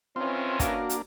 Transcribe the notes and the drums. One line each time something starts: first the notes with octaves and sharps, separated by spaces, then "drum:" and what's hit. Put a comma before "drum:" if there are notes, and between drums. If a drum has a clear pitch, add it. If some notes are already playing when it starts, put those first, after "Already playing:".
D#3 E3 C4 C#4 F4
A#3 D4 F#4 A#4 F5, drum: kick, hi-hat
drum: hi-hat